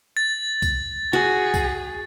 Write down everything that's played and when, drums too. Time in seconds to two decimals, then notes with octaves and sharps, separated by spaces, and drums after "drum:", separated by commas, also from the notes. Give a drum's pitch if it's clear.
0.17 A6
0.62 drum: kick C2, tambourine
1.13 F#4 G#4
1.54 drum: kick C2, tambourine